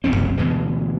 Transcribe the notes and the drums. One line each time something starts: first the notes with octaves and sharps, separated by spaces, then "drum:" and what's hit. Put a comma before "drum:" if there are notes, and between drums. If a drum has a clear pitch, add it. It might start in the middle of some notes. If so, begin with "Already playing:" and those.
F1 B1 C#3 C4
drum: tom F#2
D2 B2 E3 G#3